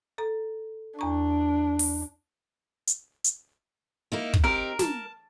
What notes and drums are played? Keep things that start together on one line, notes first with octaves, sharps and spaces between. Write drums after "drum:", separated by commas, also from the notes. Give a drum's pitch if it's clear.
A4 A#5
E2 D4 A#5 C#6
drum: open hi-hat
drum: hi-hat
drum: hi-hat
A#3 D#4 E4
drum: kick
C4 D#4 G4 A#4
A5, drum: snare